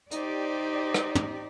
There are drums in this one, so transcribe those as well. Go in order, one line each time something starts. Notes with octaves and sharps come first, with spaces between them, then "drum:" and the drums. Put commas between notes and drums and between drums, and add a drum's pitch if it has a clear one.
D#4 G4 C5 D5, drum: hi-hat
drum: rim click
drum: tom